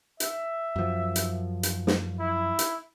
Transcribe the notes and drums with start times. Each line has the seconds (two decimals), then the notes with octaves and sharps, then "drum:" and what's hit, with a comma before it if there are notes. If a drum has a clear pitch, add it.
0.20 E5, drum: hi-hat
0.76 F#2 F3
1.16 drum: hi-hat
1.63 drum: hi-hat
1.87 drum: snare
2.20 E4
2.59 drum: hi-hat